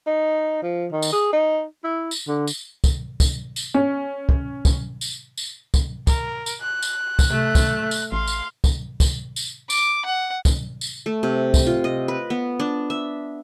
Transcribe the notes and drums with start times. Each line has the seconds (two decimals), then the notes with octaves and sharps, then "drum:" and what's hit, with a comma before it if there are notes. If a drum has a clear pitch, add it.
0.07 D#4
0.62 F3
0.92 D#3
1.02 drum: tambourine
1.12 G#4
1.33 D#4
1.84 E4
2.11 drum: tambourine
2.28 D3
2.47 drum: tambourine
2.84 drum: kick, tambourine
3.20 drum: kick, tambourine
3.56 drum: tambourine
3.74 C#4
4.29 drum: kick
4.65 drum: kick, tambourine
5.01 drum: tambourine
5.38 drum: tambourine
5.74 drum: kick, tambourine
6.07 A#4, drum: kick, tambourine
6.46 drum: tambourine
6.61 F#6
6.83 drum: tambourine
7.19 drum: kick, tambourine
7.30 C3 A3
7.55 drum: kick, tambourine
7.91 drum: tambourine
8.12 A1 F5 C6
8.28 drum: tambourine
8.64 drum: kick, tambourine
9.00 drum: kick, tambourine
9.36 drum: tambourine
9.70 D6, drum: tambourine
10.06 F#5
10.45 drum: kick, tambourine
10.81 drum: tambourine
11.06 A3
11.23 C3
11.54 drum: kick, tambourine
11.66 F4
11.84 D#5
12.08 B4
12.30 B3
12.60 D4
12.90 E5